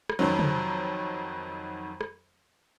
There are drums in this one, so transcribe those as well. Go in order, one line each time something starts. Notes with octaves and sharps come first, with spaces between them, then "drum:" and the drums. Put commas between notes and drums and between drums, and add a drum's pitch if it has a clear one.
drum: rim click
F2 D#3 F#3
drum: tom
drum: rim click